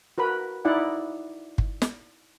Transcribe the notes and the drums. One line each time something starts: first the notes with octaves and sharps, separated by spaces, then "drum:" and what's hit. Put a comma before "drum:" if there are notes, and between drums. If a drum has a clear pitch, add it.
F#4 A#4 B4 B5
D#4 E4 D5 F#5
drum: kick G1
drum: snare